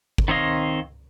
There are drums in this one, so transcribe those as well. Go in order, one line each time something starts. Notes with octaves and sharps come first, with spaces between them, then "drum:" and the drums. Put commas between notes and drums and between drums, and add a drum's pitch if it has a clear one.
drum: kick
D#3 C4 C#5 D#5 F5